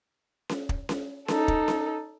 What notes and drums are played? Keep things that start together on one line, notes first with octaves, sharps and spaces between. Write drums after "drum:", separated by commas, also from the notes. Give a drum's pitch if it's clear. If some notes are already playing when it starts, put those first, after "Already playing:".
drum: snare C#4
drum: kick
drum: snare C#4
D#4 A4, drum: snare C#4
drum: kick
drum: snare C#4